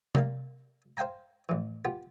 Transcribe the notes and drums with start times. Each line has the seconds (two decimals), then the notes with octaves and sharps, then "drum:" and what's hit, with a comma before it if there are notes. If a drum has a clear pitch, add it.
0.15 G3 A#3 F5, drum: tom C3
0.97 C5 F5 G5 G#5 A#5
1.49 A1 E3
1.85 B3 F4 G4